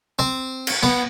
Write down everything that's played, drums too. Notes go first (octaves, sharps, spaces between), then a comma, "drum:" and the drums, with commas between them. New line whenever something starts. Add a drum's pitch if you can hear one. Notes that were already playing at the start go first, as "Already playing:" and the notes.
C4
drum: cymbal
B3